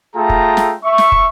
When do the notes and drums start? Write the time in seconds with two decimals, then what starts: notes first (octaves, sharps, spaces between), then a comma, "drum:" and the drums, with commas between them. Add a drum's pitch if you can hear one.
0.16 A3 F4 G#4 A4 G5 A#5
0.29 drum: kick
0.57 drum: snare
0.84 E5 C#6
0.98 drum: snare
1.12 drum: kick